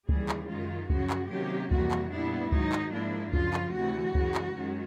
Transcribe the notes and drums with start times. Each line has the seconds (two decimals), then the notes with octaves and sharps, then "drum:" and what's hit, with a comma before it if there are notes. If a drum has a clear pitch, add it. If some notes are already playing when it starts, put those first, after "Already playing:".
0.09 D#2 C#3 E3 G3 G#4, drum: kick C#2
0.29 drum: clap
0.49 F#2 D#3 G#3 F4
0.90 F#2 C#3 F3 F#4, drum: kick C#2
1.10 drum: clap
1.30 C3 D#3 F#3 A#3 C#4 G4
1.71 F2 C3 E3 G3 A#3 F#4, drum: kick C#2
1.91 drum: clap
2.11 A#2 G3 B3 D4 E4
2.52 G#2 D#3 F#3 D#4, drum: kick C#2
2.72 drum: clap
2.93 G#2 F3 A#3 D4 E4
3.33 F#2 C#3 F3 F4, drum: kick C#2
3.54 drum: clap
3.74 D2 C3 E3 F#4
4.15 F#2 C#3 E3 G#3, drum: kick C#2
4.35 drum: clap
4.55 F#2 D#3 G#3 C#4